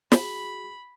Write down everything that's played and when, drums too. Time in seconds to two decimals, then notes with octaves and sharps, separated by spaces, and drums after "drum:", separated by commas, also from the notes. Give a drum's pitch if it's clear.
0.12 F#4 G#4 B5, drum: snare